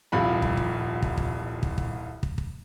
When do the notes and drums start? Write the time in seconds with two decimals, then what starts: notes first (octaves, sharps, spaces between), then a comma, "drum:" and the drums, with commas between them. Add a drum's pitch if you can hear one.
0.12 D#1 C2 F2 F4 B5
0.42 drum: kick
0.57 drum: kick
1.02 drum: kick
1.17 drum: kick
1.63 drum: kick
1.78 drum: kick
2.23 drum: kick
2.38 drum: kick